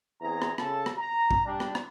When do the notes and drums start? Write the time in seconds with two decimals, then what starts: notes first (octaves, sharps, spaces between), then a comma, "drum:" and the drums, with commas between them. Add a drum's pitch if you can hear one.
0.21 E2 C4 E4 G#4 A#5
0.42 drum: rim click
0.58 C#3 A4 A5, drum: rim click
0.86 drum: rim click
0.98 A#5
1.31 drum: kick
1.45 G3 D4
1.60 drum: rim click
1.75 drum: rim click